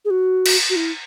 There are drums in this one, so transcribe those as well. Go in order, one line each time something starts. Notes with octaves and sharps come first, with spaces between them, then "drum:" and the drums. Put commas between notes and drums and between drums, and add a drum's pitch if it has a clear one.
G#4
F#4
drum: cymbal
F#4
E4